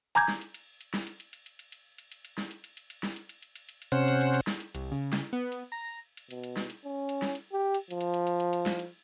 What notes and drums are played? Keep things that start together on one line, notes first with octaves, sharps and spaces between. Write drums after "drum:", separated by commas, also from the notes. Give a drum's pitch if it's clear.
G#5 A#5 D6 G6 G#6, drum: cymbal
drum: snare
drum: cymbal
drum: cymbal
drum: cymbal
drum: snare
drum: cymbal
drum: cymbal
drum: cymbal
drum: cymbal
drum: cymbal
drum: cymbal
drum: cymbal
drum: cymbal
drum: cymbal
drum: snare
drum: cymbal
drum: cymbal
drum: cymbal
drum: cymbal
drum: snare
drum: cymbal
drum: cymbal
drum: cymbal
drum: cymbal
drum: cymbal
drum: cymbal
C3 C#4 C5 F#5, drum: cymbal
drum: cymbal
drum: cymbal
drum: cymbal
drum: snare
drum: cymbal
C2, drum: cymbal
C#3
drum: snare
B3
drum: cymbal
A#5
drum: cymbal
B2, drum: cymbal
drum: cymbal
drum: snare
drum: cymbal
C#4
drum: cymbal
drum: snare
drum: cymbal
G4
drum: cymbal
F3, drum: cymbal
drum: cymbal
drum: cymbal
drum: cymbal
drum: cymbal
drum: cymbal
drum: snare
drum: cymbal